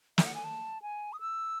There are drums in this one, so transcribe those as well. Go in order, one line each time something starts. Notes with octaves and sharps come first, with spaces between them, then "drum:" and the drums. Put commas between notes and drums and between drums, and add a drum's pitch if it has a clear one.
E5, drum: snare
F#5
G#5
A5
G#5
D#6
E6